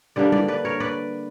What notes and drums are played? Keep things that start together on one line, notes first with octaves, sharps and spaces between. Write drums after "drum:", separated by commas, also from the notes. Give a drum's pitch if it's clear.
D3 G3 A#3 D4 B4 D5
B4 D5, drum: tom G3
B4 D5
A#4 C#5
B4 D5